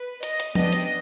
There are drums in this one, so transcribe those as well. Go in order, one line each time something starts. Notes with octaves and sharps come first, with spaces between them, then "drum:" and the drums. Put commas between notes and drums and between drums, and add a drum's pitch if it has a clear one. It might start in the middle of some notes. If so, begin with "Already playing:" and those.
Already playing: B4
D#5, drum: hi-hat
drum: hi-hat
B3 D4 G4 D#5, drum: tom F3
drum: hi-hat